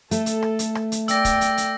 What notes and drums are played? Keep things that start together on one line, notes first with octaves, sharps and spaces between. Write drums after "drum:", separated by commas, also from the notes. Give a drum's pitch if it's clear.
A3 A4, drum: hi-hat
drum: hi-hat
drum: rim click
drum: hi-hat
drum: rim click
drum: hi-hat
D5 G5 E6 A#6, drum: hi-hat
drum: kick, hi-hat
drum: hi-hat
drum: hi-hat